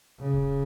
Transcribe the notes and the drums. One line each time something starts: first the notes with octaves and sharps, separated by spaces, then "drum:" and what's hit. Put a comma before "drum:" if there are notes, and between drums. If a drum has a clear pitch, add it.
C#3
drum: kick D#1